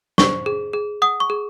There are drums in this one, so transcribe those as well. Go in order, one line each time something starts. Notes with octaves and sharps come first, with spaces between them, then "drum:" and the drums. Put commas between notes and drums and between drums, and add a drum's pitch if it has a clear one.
C5 C#6, drum: snare
G#4
G#4
F#5 D#6
C#6
G#4